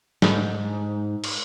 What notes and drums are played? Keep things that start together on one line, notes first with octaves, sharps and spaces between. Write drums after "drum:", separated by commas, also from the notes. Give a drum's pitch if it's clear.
G#2, drum: snare
drum: cymbal